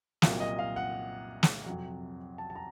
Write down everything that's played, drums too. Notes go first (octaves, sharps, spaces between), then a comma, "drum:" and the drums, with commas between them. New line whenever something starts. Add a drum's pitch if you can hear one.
C2 A#2 F#3 F5, drum: snare
D#5
F5
F#5
drum: snare
F2 C3 F#3
A5
A5
A#5